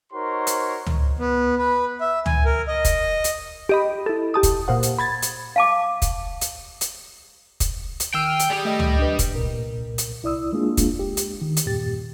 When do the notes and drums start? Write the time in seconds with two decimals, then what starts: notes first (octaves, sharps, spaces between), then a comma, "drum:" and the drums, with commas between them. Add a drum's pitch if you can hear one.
0.12 D#4 F#4 A#4 C5 C#5 C6
0.47 drum: hi-hat
0.86 drum: tom C#2
1.19 B3
1.59 B4
2.01 E5
2.26 G#5, drum: tom C#2
2.45 A#4
2.68 D#5
2.85 drum: kick, hi-hat
3.24 drum: hi-hat
3.69 G4 D#5 B5
4.06 E4 A4
4.34 G4 A5 D#6
4.43 drum: kick, hi-hat
4.68 A#2 C5 F#5
4.83 drum: hi-hat
4.98 B5 G#6 A6
5.23 drum: hi-hat
5.56 F5 A5 D6
6.02 drum: kick, hi-hat
6.41 drum: hi-hat
6.81 drum: hi-hat
7.60 drum: kick, hi-hat
8.00 drum: hi-hat
8.14 D#3 G5 E6 F6 C7 D#7
8.40 drum: hi-hat
8.50 G3 G4 G#4 D#6
8.65 A3 D#5 G5
8.79 drum: tom C#2
8.99 D4 B4
9.19 drum: kick, hi-hat
9.33 C2 A#2 A#4
9.98 drum: hi-hat
10.23 C2 E4 D5 D#6 E6
10.53 G#3 A#3 D4 F4 G#4
10.77 drum: kick, hi-hat
10.99 G4
11.17 drum: hi-hat
11.41 D#3
11.57 drum: hi-hat
11.66 E2 G2 A#2 G4 A6